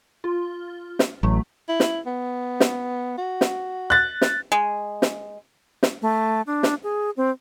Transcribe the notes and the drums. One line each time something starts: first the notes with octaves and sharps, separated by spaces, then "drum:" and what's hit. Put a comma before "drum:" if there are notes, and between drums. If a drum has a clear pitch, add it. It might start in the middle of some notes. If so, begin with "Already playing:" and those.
F4
drum: snare
A1 F#3 A3
E4
drum: snare
B3
drum: snare
F#4
drum: snare
F#6 A6
drum: snare
G#3
drum: snare
drum: snare
A3
D4
drum: snare
G#4
C4